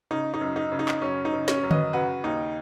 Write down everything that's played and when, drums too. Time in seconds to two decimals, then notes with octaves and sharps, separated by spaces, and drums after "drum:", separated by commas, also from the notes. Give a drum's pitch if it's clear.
0.11 C#3 D#4
0.34 D#4
0.41 F#2
0.56 D#4
0.72 C#3
0.79 D#4
0.88 drum: clap
1.02 F#2 C#4
1.25 D#4
1.33 C#3
1.48 C#4, drum: snare
1.63 F#2
1.71 B4 D#5, drum: tom D3
1.93 C#3 F#4 B4
2.24 D#2 D#4